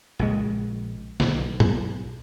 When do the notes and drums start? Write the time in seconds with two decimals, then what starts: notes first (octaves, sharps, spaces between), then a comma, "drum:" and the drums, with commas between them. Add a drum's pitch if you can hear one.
0.19 A#1 C#3 G#3
1.20 B1, drum: snare
1.60 drum: tom G#2